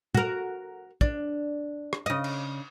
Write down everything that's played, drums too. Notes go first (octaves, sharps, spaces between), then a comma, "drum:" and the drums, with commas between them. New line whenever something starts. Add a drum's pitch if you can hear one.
F#4 A#4, drum: tom
D4, drum: kick
drum: rim click
C#3 D#5
drum: cymbal